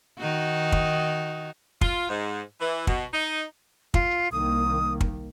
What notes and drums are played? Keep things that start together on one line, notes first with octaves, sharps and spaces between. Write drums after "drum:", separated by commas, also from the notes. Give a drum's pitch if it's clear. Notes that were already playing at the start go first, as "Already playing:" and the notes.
D#3 D#4 F#4
drum: kick
F4, drum: kick
G#2
E3
B2, drum: kick
D#4
F4, drum: kick
C2 D#3 A#3 D#6
drum: kick